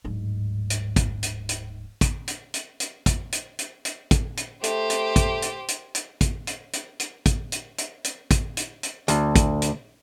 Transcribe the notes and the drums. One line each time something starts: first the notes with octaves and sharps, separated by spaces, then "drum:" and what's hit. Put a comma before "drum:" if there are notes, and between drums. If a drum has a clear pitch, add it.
D1 G#2
drum: hi-hat
drum: kick, hi-hat
drum: hi-hat
drum: hi-hat
drum: kick, hi-hat
drum: hi-hat
drum: hi-hat
drum: hi-hat
drum: kick, hi-hat
drum: hi-hat
drum: hi-hat
drum: hi-hat
drum: kick, hi-hat
drum: hi-hat
A3 G4 C5, drum: hi-hat
drum: hi-hat
drum: kick, hi-hat
drum: hi-hat
drum: hi-hat
drum: hi-hat
drum: kick, hi-hat
drum: hi-hat
drum: hi-hat
drum: hi-hat
drum: kick, hi-hat
drum: hi-hat
drum: hi-hat
drum: hi-hat
drum: kick, hi-hat
drum: hi-hat
drum: hi-hat
D2, drum: hi-hat
drum: kick, hi-hat
drum: hi-hat